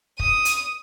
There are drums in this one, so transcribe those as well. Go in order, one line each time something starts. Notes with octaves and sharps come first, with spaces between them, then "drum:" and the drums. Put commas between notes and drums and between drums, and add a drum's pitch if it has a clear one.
D#6, drum: kick
drum: hi-hat